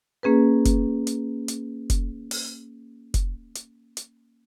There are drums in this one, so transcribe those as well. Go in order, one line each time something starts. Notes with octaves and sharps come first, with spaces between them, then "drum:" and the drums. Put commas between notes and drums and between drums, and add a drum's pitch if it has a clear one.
A#3 C#4 G#4 B4
drum: kick F1, hi-hat
drum: hi-hat
drum: hi-hat
drum: kick F1, hi-hat
drum: open hi-hat
drum: kick F1, hi-hat
drum: hi-hat
drum: hi-hat